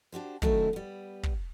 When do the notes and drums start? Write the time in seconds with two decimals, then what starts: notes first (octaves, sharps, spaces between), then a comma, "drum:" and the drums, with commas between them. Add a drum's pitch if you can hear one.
0.12 D4 F#4 G4 C5
0.42 D#3 F#3 A3 C#4 D#4 E4, drum: kick
0.73 G3 B3
1.23 drum: kick